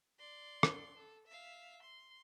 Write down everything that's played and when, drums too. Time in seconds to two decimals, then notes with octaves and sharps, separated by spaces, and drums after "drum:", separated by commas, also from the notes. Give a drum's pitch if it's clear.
0.19 D5 C6
0.63 drum: rim click
0.97 A4
1.27 E5 F5
1.82 C6